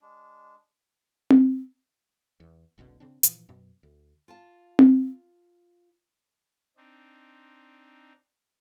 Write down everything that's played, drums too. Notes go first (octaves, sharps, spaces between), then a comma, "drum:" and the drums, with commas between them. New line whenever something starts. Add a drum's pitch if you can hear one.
G#3 D4
drum: tom C4
E2
F#1 C2 B2 D3
C#3 C4 D4
G2 A#2 E3 F3, drum: hi-hat
F#2 B2
D2
F4 F5 A5
drum: tom C4
C4 D4 D#4